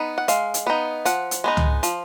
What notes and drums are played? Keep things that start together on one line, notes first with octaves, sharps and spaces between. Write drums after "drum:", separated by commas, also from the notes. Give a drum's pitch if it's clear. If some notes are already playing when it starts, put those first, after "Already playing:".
Already playing: B3 D#4
F#5
G#3 F5, drum: hi-hat
drum: hi-hat
B3 D#4
F3 F#5, drum: hi-hat
drum: hi-hat
G#3 B3 D#4
drum: tom
F3, drum: hi-hat